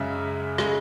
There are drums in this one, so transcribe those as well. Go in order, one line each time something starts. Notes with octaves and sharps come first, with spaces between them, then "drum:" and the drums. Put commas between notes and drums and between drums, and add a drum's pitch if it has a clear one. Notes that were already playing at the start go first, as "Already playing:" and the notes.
Already playing: F#2 C#3 G#3 E5
C#3 G#3, drum: rim click